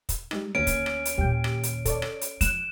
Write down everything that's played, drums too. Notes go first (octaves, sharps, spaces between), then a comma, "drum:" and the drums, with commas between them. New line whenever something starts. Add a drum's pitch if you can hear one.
drum: kick, hi-hat
G3 G#3 D#4, drum: rim click
D2 D#3 A#3 C#4 D7
drum: kick, hi-hat
drum: rim click
drum: hi-hat
D#2 A#2 G4 G5
drum: rim click
drum: hi-hat
A4 C#5 D5, drum: kick, hi-hat
drum: rim click
drum: hi-hat
F3 F#6 E7, drum: kick, hi-hat